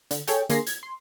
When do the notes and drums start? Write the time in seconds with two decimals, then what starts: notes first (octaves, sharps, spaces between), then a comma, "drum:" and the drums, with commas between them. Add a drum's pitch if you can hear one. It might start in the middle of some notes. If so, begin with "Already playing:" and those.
0.11 D3, drum: hi-hat
0.27 G#4 A4 C#5 G5 G#5, drum: hi-hat
0.49 D3 A#3 G#4 C6 A#6 C7, drum: hi-hat
0.67 G#6, drum: hi-hat
0.83 C6